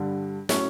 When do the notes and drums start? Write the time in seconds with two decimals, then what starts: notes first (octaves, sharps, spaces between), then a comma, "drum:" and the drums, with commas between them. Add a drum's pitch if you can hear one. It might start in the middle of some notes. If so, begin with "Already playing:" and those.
Already playing: G2 D3 G3
0.49 A2 F#3 A3 C#4, drum: snare